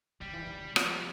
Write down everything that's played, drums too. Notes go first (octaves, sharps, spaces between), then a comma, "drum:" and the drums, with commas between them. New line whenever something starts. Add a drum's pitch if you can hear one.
C#3 G3
E3
C#3
F3 G3, drum: rim click
G#3